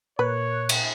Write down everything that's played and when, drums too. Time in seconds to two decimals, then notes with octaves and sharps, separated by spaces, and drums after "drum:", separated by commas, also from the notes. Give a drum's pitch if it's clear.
0.19 A#2 A#4 B4 C#5 F#6
0.69 drum: cymbal